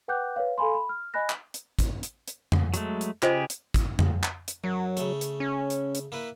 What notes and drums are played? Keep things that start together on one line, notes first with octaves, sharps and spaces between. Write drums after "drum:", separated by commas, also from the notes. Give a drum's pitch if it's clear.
B4 F#5 G5 D6 F#6 G6
B4 C#5 F5
A4 F5 G#5 B5 C6
B5
F6
D#5 G#5 B5 F#6 A#6
drum: clap
drum: hi-hat
drum: kick, hi-hat
drum: hi-hat
drum: hi-hat
drum: tom F2
F#3 G#3 A3, drum: hi-hat
drum: hi-hat
C#3 F4 G4 G#4 C5 D#5, drum: clap
drum: hi-hat
drum: kick, hi-hat
drum: tom F2
drum: clap
drum: hi-hat
F#2 F#3
C#3 A3, drum: hi-hat
drum: hi-hat
C#4
drum: hi-hat
drum: hi-hat
A#3 E4 B4